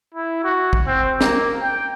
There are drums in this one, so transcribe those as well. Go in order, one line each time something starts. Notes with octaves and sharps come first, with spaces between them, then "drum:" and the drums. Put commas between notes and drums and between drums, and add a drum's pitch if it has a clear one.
E4
F#4
drum: kick
C4
A#3, drum: snare
G5